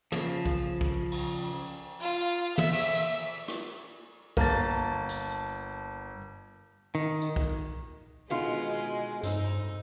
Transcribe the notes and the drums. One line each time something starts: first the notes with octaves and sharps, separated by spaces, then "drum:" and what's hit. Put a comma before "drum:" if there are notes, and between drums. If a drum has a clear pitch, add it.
C#3 F3, drum: tom
drum: kick
drum: kick
drum: cymbal
F4
E5, drum: tom
drum: cymbal
drum: rim click
G1 A#3 A5 A6, drum: kick
drum: hi-hat
D#3
drum: hi-hat
drum: kick
B2 D3 D#3 G#3 B3 F4 D#5
F1 G2 D#4 C5 E6, drum: hi-hat